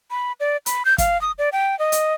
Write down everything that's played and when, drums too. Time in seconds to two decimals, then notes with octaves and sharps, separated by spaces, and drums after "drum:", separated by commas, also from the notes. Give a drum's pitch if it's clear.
0.11 B5
0.40 D5
0.66 B5, drum: hi-hat
0.85 G6
0.98 F5, drum: kick, hi-hat
1.21 D#6
1.39 D5
1.52 G5
1.79 D#5
1.92 drum: hi-hat